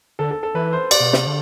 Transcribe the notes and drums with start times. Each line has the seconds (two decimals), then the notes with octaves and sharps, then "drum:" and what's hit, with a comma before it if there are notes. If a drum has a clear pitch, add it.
0.19 D3 A4
0.31 A4
0.43 A4
0.54 E3 B4
0.73 C5
0.91 D5, drum: cymbal
1.00 B2
1.13 C3, drum: snare
1.27 D3